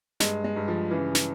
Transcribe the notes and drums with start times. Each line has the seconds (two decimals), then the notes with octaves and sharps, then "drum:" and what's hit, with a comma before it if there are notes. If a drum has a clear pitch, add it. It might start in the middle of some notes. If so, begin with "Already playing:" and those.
0.20 G2 G#3, drum: snare
0.44 G#3
0.56 G2
0.68 F3
0.91 C#3 E3
1.15 drum: snare